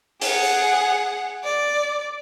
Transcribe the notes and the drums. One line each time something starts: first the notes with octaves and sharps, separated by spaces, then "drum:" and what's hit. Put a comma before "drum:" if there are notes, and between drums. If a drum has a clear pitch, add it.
G#4 F#5, drum: open hi-hat
D5